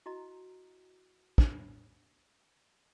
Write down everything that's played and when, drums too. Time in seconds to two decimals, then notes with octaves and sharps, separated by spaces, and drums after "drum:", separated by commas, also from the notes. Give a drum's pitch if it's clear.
0.06 E4 F#4 D#5 A#5
1.38 drum: kick